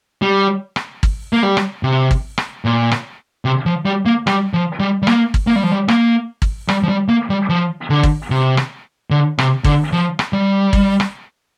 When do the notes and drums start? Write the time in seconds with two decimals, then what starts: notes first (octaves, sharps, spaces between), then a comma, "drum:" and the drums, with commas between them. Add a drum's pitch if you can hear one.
0.22 G3
0.76 drum: rim click
1.03 drum: kick G#1
1.33 A#3
1.43 G3
1.57 drum: rim click
1.83 C3
2.11 drum: kick G#1
2.38 drum: rim click
2.65 A#2
2.91 drum: rim click
3.45 C3
3.66 F3
3.86 G3
4.06 A#3
4.27 G3, drum: rim click
4.54 F3
4.80 G3
5.02 G3
5.07 A#3, drum: rim click
5.34 drum: kick G#1
5.47 A#3
5.56 G3
5.63 F3
5.72 G3
5.88 A#3, drum: rim click
6.42 drum: kick G#1
6.69 G3, drum: rim click
6.83 F3
6.89 G3
7.08 A#3
7.30 G3
7.49 F3
7.90 D3
8.03 drum: kick G#1
8.30 C3
8.57 drum: rim click
9.11 D3
9.38 C3, drum: rim click
9.64 D3, drum: kick G#1
9.93 F3
10.19 drum: rim click
10.33 G3
10.73 drum: kick G#1
11.00 drum: rim click